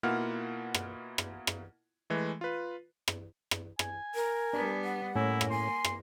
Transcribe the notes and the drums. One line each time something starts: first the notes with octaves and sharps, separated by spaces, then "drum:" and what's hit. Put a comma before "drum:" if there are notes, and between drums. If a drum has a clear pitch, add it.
B2 A#3 E4 F4 F#5 F6
drum: rim click
drum: rim click
drum: rim click
E3 G#3 A3
F4 B4
drum: rim click
drum: rim click
G#5, drum: rim click
A#4
G3 B3 D4
F#5
A2 A#3 C#4 E4
drum: rim click
G#5 C6
drum: rim click